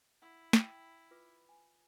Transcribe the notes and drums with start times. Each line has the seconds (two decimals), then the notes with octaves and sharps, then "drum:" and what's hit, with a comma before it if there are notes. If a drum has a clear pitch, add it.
0.22 E4 F#5
0.53 G5, drum: snare
1.11 F4 B4 D6
1.49 G#5